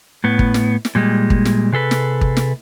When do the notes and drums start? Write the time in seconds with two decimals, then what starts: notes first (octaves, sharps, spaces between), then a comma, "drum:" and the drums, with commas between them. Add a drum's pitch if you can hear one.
0.24 A2 B3
0.39 drum: kick
0.54 drum: snare
0.85 drum: snare
0.95 A#2 G3 G#3
1.30 drum: kick
1.45 drum: snare
1.72 C3 G#4 A4 B4
1.91 drum: snare
2.21 drum: kick
2.37 drum: snare